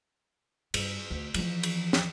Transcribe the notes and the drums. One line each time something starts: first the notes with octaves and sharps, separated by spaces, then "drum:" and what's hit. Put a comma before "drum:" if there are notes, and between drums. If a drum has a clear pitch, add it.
G2, drum: cymbal
D2
E3 F3, drum: cymbal
drum: cymbal
drum: snare